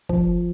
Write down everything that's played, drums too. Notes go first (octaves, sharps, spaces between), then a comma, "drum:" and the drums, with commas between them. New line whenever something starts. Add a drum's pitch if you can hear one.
F3, drum: kick